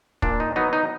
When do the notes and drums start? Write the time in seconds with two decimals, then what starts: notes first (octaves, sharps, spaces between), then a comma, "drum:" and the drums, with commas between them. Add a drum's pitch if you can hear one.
0.22 A#2 D4, drum: kick
0.40 D#4
0.56 F#3 B3 D#4
0.73 D#4